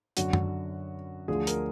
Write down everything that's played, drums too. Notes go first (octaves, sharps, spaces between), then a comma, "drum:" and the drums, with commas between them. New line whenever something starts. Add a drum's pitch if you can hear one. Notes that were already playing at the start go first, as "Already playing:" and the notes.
F#2 D3 F#3 F#4, drum: hi-hat
drum: tom F#2
D2 D3 F3 G#4
A#4, drum: hi-hat